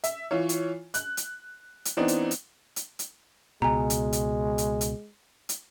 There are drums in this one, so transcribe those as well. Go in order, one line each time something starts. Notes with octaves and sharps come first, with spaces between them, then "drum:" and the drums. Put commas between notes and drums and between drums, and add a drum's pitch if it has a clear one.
E5, drum: hi-hat
E3 F4 C#5
drum: hi-hat
F#6, drum: hi-hat
drum: hi-hat
drum: hi-hat
E3 B3 C4 D4 D#4
drum: hi-hat
drum: hi-hat
drum: hi-hat
drum: hi-hat
C#2 B2 G#3 G#5 A#5
drum: hi-hat
drum: hi-hat
drum: hi-hat
drum: hi-hat
drum: hi-hat